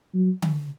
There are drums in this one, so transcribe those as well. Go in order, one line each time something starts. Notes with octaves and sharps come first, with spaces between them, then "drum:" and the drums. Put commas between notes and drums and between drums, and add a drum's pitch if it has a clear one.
F#3
drum: tom D3